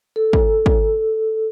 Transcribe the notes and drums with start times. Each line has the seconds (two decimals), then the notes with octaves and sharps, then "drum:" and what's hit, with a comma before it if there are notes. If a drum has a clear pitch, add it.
0.16 A4
0.33 drum: kick
0.66 drum: kick